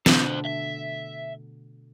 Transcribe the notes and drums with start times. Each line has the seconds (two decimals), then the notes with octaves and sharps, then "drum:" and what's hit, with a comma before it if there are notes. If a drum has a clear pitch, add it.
0.06 B2 D3 A3 A4 C5, drum: snare
0.46 E5